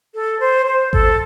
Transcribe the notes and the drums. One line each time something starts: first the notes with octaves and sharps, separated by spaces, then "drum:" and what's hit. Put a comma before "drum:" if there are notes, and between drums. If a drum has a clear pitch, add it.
A4
C5
C5
A4, drum: kick G#1